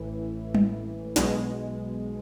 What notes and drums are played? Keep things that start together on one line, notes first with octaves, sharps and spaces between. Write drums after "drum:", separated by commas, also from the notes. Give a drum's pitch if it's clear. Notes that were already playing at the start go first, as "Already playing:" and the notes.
Already playing: A1 A2 E3
drum: tom
B1 B2 G#3, drum: snare